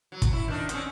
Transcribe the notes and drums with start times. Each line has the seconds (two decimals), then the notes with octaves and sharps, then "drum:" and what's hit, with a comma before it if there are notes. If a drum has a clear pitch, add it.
0.12 F#3
0.22 drum: kick, hi-hat
0.33 E4
0.48 D#3 D4
0.69 C4 C#4, drum: hi-hat